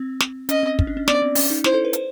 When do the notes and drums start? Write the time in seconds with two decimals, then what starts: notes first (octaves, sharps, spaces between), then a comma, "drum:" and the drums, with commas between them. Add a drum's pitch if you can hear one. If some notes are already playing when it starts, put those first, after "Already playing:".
Already playing: C4
0.20 drum: snare
0.49 C#4 D#5, drum: hi-hat
0.63 C4
0.79 C#4, drum: kick
0.87 D4
0.97 C#4
1.08 B3 D5, drum: snare
1.22 C4
1.35 C#4, drum: open hi-hat
1.50 D#4
1.64 E4 C5, drum: snare
1.74 A4
1.85 B4
1.93 C5, drum: hi-hat